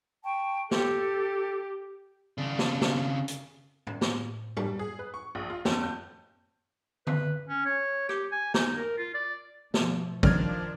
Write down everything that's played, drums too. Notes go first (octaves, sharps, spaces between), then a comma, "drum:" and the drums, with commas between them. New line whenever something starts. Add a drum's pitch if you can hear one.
G5 A5 C#6
G4 A4, drum: snare
C#3 D4
drum: snare
drum: snare
drum: hi-hat
drum: tom A2
drum: snare
G3, drum: tom
G#4
B4
C#6
A#1
F4
F2, drum: snare
G6
B4, drum: tom D3
C#4
C#5
G4, drum: rim click
G#5
D#4, drum: snare
A#4
F4
D5
B2 F3 A3, drum: snare
D#3 F3 D4 D5 F6 G#6, drum: kick